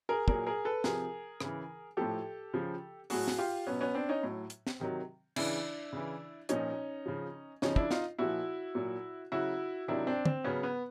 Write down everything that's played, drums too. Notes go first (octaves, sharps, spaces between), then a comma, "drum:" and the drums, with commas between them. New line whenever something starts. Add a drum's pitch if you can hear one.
G#4 A#4
A#2 F#3 G#4 A#4, drum: kick
G#4 A#4
A4 B4
C3 F3 G#4 A#4, drum: snare
C#3 E3, drum: rim click
A2 F3 G4 A4
C#3 F3
A2 F#3 F#4 G#4, drum: open hi-hat
drum: snare
F4 G4
B2 F#3 B3 C#4
B3 C#4
C4 D4
C#4 D#4
A2 F#3
drum: hi-hat
drum: snare
C3 D#3 F#3
C#3 E3 D4 E4, drum: cymbal
C#3 E3
A#2 F3 C#4 D#4, drum: hi-hat
C#3 F3
C#3 F3 C#4 D#4, drum: snare
D4 E4, drum: kick
D#4 F4, drum: snare
A#2 F3 E4 F#4
A#2 F#3
C#3 F#3 E4 F#4
C3 D#3 F#3 D4 E4
C4 D4
C4, drum: tom
C#3 F#3 B3 C#4
B3